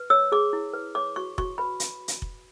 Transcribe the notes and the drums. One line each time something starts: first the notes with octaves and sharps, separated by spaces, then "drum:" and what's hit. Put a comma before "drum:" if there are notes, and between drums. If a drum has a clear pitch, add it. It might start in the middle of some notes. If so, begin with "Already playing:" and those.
Already playing: B4
C#5 E6
G#4 D6
E4
B4
C#5 D6
F#4 C#6
F#4 C#6, drum: kick F1
B4 B5
drum: hi-hat
drum: hi-hat
drum: kick F1